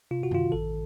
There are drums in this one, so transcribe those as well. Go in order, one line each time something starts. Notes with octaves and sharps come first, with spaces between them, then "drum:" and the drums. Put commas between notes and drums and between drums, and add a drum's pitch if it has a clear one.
C3 F4
F#4
D#3 F4, drum: tom F#2
A1 A4